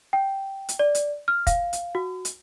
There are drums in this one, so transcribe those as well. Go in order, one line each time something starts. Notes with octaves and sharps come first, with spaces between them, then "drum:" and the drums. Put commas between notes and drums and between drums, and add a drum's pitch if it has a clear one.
G5
drum: hi-hat
D5
drum: hi-hat
F6
F5, drum: kick, hi-hat
drum: hi-hat
F#4
drum: hi-hat